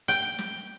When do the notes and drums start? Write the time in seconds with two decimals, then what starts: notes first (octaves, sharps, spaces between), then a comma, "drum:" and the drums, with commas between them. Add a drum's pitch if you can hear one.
0.08 G5, drum: hi-hat
0.39 drum: snare